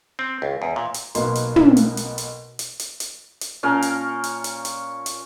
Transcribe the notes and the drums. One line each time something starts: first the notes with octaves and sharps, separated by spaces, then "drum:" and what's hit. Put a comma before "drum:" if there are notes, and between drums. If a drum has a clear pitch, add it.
C4
C#2
E2
A#2
drum: hi-hat
B1 B2 A#3 B4 C6, drum: hi-hat
drum: hi-hat
drum: tom
drum: hi-hat
drum: hi-hat
drum: hi-hat
drum: hi-hat
drum: hi-hat
drum: hi-hat
drum: hi-hat
A#2 C#4 A#4 A5
drum: hi-hat
drum: hi-hat
drum: hi-hat
drum: hi-hat
drum: hi-hat